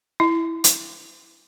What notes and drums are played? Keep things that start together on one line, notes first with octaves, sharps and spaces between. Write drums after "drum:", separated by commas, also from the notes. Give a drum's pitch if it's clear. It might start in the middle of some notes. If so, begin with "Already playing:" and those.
E4
drum: hi-hat